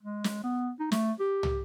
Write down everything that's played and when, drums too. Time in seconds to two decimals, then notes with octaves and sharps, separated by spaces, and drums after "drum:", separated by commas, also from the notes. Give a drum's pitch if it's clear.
0.03 G#3
0.24 drum: snare
0.44 B3
0.80 D#4
0.92 A3, drum: snare
1.20 G4
1.43 drum: tom